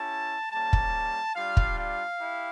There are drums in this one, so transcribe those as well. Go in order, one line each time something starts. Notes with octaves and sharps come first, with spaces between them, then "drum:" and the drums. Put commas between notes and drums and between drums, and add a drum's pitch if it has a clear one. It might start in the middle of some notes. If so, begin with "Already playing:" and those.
Already playing: C#4 E4 G4 A5
G3 A#3 C#4 A5
drum: kick
G3 D4 F4 F5
drum: kick
F5
E4 G4